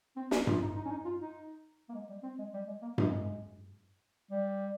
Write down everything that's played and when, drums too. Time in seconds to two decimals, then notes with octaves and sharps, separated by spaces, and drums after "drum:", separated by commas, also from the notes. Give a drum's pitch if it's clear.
0.17 C4
0.31 C#4, drum: snare
0.47 F4, drum: tom G2
0.62 D#4
0.75 D#4
0.85 C#4
0.90 D#4
1.05 F4
1.21 D#4
1.89 A#3
1.94 G#3
2.09 G3
2.23 C4
2.39 G#3
2.54 G3
2.67 G#3
2.82 A#3
2.98 G#3, drum: tom G2
4.31 G3